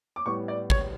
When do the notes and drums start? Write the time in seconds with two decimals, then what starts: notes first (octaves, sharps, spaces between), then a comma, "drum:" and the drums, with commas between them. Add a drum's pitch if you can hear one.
0.16 D6
0.26 A2 G3 B3 C#6
0.48 D5
0.70 C#5, drum: kick G#1